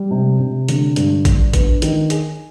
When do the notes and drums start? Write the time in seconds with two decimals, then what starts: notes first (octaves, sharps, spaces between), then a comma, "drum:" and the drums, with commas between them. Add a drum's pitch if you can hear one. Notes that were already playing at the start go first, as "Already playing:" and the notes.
Already playing: G3
0.11 C3
0.40 C3
0.68 D3, drum: hi-hat
0.96 G2, drum: hi-hat
1.25 D4, drum: kick A1, hi-hat
1.53 B3, drum: kick A1, hi-hat
1.82 D#3, drum: hi-hat
2.10 G#4, drum: hi-hat